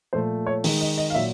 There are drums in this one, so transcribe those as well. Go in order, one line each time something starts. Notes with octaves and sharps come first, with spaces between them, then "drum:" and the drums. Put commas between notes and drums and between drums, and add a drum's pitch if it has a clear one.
A#2 F3 A3 C5
C#5
D#3 G#3, drum: open hi-hat
D#5
D#5
F5
A#2 F#3 E5